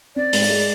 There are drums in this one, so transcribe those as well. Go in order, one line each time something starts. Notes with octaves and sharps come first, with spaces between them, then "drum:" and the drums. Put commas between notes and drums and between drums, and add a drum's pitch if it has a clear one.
C4 D5
G#2, drum: open hi-hat
G#3